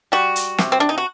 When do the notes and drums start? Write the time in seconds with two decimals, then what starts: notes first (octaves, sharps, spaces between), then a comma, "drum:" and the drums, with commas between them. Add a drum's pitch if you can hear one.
0.12 G3 F#4
0.36 drum: hi-hat
0.58 C3, drum: snare
0.72 C4
0.80 D4
0.89 D#4
0.98 F#4